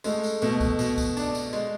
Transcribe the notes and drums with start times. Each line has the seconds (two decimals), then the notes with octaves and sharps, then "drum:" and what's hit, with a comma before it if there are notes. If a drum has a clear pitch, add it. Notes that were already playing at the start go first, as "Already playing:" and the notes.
0.04 G#3 A3, drum: tambourine
0.23 drum: tambourine
0.42 B2 A3, drum: tambourine
0.61 drum: kick, tambourine
0.79 B2, drum: tambourine
0.98 drum: kick, tambourine
1.17 D4, drum: tambourine
1.35 drum: tambourine
1.53 G#3, drum: tambourine